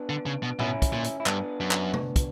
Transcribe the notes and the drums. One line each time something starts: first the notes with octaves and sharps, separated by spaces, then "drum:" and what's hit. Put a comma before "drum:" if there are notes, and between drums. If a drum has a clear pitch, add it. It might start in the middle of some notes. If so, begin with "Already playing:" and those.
Already playing: B3 D4
D3
C#3
B2
B2 C#4 E4, drum: tom A2
drum: kick, hi-hat
A#2
drum: hi-hat
E4
G2 B3 D4, drum: clap
F#2
drum: clap
drum: tom C3
drum: kick, hi-hat